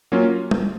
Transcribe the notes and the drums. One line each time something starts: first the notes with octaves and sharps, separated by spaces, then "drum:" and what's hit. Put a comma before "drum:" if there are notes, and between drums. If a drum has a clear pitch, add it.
F#3 A#3 C#4 F4
drum: tom